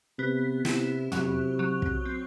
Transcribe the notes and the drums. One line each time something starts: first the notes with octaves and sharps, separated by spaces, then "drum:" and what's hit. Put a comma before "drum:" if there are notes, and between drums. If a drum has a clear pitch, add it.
C3 B3
C3 E4, drum: snare
C3 F#3, drum: tom
F#3
drum: kick
C4